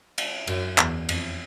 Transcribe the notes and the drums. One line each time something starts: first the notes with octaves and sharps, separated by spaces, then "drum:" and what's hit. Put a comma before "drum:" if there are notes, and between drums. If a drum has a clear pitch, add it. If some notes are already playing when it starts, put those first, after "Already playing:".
drum: cymbal
F#2, drum: cymbal
E2, drum: clap
F2, drum: cymbal